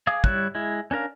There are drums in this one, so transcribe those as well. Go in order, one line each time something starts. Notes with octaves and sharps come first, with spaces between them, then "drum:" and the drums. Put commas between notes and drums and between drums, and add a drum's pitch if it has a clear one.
G#4 F5 D6 D#6
G3 E4 C#5 F#6, drum: kick
G#3 E4
C#4 D4 A#4 F5